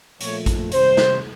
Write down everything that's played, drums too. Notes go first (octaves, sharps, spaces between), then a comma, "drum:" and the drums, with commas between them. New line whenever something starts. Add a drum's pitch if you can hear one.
A#2 F3 A3 C#5, drum: hi-hat
drum: kick A1, hi-hat
C3 D#3 G3 C5, drum: hi-hat
drum: snare